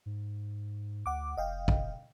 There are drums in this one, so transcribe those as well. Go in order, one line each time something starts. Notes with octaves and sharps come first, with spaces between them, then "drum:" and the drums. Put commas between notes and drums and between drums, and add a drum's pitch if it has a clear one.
G#2
D2 F#5 D6
F1 D#5 F5 G5
drum: kick